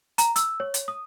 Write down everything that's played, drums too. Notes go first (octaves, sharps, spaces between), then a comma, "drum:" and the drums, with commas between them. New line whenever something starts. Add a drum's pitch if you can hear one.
A#5, drum: hi-hat
E6, drum: hi-hat
C#5
drum: hi-hat
D#6